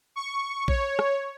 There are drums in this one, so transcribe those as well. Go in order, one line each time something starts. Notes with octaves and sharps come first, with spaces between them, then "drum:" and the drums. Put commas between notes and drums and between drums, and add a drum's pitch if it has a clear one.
C#6
C#5, drum: kick A#1
drum: rim click